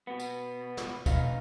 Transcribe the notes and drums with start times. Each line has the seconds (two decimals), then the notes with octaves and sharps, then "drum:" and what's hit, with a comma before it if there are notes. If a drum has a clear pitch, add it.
0.07 B2 B3
0.20 drum: tambourine
0.77 drum: snare
1.06 D2 C#4 D#4 B4 F5, drum: kick, tambourine